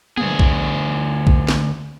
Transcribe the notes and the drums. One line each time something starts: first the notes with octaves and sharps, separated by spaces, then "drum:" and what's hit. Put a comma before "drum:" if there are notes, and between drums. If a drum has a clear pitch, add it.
D2 G#4, drum: tom
drum: kick A#1
drum: kick A#1
drum: snare